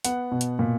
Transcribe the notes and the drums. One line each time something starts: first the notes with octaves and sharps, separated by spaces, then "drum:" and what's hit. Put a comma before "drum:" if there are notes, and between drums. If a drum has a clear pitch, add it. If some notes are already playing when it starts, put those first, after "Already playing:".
B3 F#5, drum: hi-hat
B2
drum: hi-hat
A#2